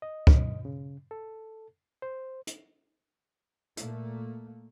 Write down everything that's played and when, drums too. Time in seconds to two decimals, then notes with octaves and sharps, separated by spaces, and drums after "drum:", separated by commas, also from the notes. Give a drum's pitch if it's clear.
0.02 D#5
0.27 drum: kick
0.65 C#3
1.11 A4
2.02 C5
2.47 drum: hi-hat
3.77 A#2 A3 A#3, drum: hi-hat